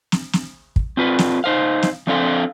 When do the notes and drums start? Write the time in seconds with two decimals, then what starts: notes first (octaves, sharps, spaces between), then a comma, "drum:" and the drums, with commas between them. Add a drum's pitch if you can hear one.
0.12 drum: snare
0.33 drum: snare
0.76 drum: kick
0.97 C4 F4 B4
1.19 drum: snare
1.44 D#4 C5 F5
1.82 drum: snare
2.07 F3 C4 D4 F4 A4 F5